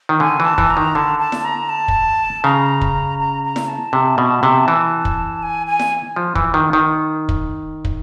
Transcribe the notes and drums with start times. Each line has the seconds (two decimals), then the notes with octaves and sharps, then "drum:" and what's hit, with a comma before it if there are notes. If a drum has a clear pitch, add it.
0.09 D#3
0.20 D3 G#5
0.40 E3
0.45 A5
0.58 E3, drum: kick
0.70 A#5
0.77 D#3
0.95 D3 A5
1.20 A5
1.32 drum: snare E4
1.45 A#5
1.69 A5
1.88 drum: kick
2.44 C#3 A#5
2.81 drum: kick
3.19 A#5
3.44 A#5
3.56 drum: snare E4
3.68 A5
3.93 C3
4.18 B2
4.43 C3
4.68 E3
5.05 drum: kick
5.43 G#5
5.67 G#5
5.80 drum: snare E4
6.16 F3
6.35 E3, drum: kick
6.54 D#3
6.73 D#3
7.29 drum: kick
7.85 drum: kick